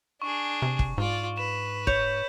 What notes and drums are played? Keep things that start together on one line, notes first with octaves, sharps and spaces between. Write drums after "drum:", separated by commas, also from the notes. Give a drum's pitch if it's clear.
D4 G#4 C#6
C3
drum: kick
G#2 F4 D5
B4 E7
C#5 G6, drum: kick